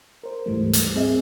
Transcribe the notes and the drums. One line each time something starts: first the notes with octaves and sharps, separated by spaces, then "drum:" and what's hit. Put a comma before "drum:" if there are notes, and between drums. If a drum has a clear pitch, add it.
A#4 C5
D2 G#2 E3 G3 A3
drum: hi-hat
C4 G#4 D#5 E5